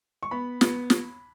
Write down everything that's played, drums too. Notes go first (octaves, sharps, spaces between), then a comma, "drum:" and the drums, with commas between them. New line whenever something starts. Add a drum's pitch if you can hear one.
C#6
B3 B5
B3, drum: snare
drum: snare